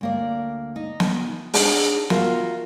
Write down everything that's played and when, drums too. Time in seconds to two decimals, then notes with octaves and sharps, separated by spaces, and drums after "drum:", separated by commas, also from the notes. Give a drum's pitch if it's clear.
0.01 D2 A#3 D5
0.76 D#4
1.00 drum: snare
1.54 D4 D#4 G#4 F#5, drum: open hi-hat
2.10 F4 F#4 A#4 E5, drum: snare